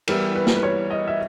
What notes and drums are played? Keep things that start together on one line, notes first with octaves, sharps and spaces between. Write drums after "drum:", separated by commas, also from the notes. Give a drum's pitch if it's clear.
E3 G3 B3 E4 A#4, drum: cymbal
B4
drum: snare A#3
B4
C#5
D#5
E5